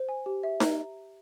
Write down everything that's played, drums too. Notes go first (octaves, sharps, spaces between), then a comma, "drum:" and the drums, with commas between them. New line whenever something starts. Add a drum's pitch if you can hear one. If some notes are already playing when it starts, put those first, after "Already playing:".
Already playing: C5
G#5
G4
E5
A#5, drum: snare D#4